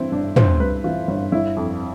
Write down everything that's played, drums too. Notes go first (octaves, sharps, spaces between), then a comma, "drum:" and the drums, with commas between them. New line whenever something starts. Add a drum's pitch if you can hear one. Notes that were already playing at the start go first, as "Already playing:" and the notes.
Already playing: G2 E3 C4 D4 E4
G1 D4
G1 C5, drum: tom
G2 B4
E3 F4
G1
G1 E4
F2